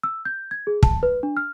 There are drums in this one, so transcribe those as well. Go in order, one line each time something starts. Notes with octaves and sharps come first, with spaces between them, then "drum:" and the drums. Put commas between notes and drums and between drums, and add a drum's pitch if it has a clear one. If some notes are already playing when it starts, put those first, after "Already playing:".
E6
G6
G#6
G#4
A5, drum: kick
B4
D4
F6